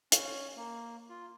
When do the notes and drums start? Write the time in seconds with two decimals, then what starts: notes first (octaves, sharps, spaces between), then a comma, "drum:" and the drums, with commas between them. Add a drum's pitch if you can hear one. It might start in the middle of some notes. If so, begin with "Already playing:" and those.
0.12 C#4, drum: hi-hat
0.56 A#3
1.09 F4